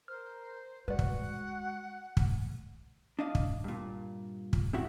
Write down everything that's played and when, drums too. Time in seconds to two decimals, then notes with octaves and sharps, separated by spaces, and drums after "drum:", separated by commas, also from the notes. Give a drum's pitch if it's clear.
0.08 A#4 C5 F6
0.88 G#3 F#4 B4 D5 F#5
0.99 drum: kick
2.17 drum: kick
3.19 D4 D#5 F5
3.35 drum: kick
3.64 G2 A#2
4.53 drum: kick
4.73 C4 E4 F#4 E5 F#5